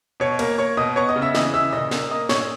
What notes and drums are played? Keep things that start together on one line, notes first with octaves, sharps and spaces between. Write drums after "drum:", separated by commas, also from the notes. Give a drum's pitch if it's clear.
B2 C#5 C#6
A#3, drum: cymbal
A#3 C#5 C#6
B2 D#5 D#6
B3 C#5 C#6
D#5 D#6
C#3
E5 E6
E3 D#5 D#6, drum: snare
C#3 E5 E6
A#2 D#5 D#6
A#3, drum: snare
A#3 D#5 D#6
A#2 C#5 C#6, drum: snare